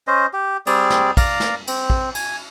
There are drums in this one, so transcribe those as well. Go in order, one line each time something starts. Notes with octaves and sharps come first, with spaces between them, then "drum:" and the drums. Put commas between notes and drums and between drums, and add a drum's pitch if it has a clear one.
C#4 C5 D#5
G4
G3 C4 G#4 D5, drum: cymbal
drum: snare
D5 F5 A#5, drum: kick, cymbal
drum: snare
C4, drum: cymbal
drum: kick
G#5, drum: cymbal